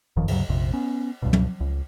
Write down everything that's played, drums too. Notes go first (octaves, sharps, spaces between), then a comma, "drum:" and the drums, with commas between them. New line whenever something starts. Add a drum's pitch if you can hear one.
F#1 F2 D#3 F3
D2 G2 C#3 F#3, drum: cymbal
A#1 F2 C3
B3 C#4
C#2 G2 B2
drum: tom
C#2